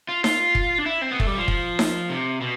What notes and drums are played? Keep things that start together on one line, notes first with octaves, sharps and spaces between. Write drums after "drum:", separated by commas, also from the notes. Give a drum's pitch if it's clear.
F4
F4, drum: snare D#4
drum: kick
D4
E4
C4
B3
A3, drum: kick
G3
F3
drum: kick
drum: snare D#4
C3
B2